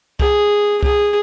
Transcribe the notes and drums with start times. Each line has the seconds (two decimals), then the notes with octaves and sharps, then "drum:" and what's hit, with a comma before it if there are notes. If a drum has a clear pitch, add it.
0.20 G#4, drum: kick C2
0.83 G#4, drum: kick C2